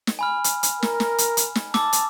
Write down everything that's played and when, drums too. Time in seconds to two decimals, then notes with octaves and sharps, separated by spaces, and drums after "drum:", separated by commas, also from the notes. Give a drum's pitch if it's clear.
0.07 drum: snare
0.19 G#5 B5 F6
0.44 drum: hi-hat
0.63 drum: hi-hat
0.83 A#4, drum: snare
1.00 drum: snare
1.18 drum: hi-hat
1.37 drum: hi-hat
1.55 drum: snare
1.74 A5 D6 E6, drum: snare
1.93 drum: hi-hat